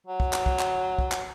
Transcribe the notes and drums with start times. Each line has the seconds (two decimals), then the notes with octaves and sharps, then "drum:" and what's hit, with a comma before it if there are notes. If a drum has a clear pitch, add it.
0.07 F#3
0.20 drum: kick
0.33 drum: clap
0.46 drum: kick
0.59 drum: clap
0.98 drum: kick
1.12 drum: clap